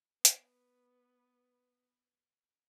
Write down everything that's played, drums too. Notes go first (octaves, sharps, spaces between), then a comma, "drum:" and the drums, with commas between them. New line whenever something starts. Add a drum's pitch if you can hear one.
B3 B4, drum: hi-hat